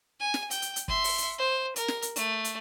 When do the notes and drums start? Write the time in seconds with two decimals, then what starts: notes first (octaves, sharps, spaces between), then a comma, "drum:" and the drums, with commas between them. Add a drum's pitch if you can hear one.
0.20 G#5
0.34 drum: snare
0.51 G5, drum: hi-hat
0.62 drum: hi-hat
0.76 drum: hi-hat
0.88 E5 C6, drum: kick
1.04 drum: open hi-hat
1.18 drum: hi-hat
1.38 C5
1.76 A#4, drum: hi-hat
1.88 drum: snare
2.02 drum: hi-hat
2.16 A3, drum: hi-hat
2.44 drum: hi-hat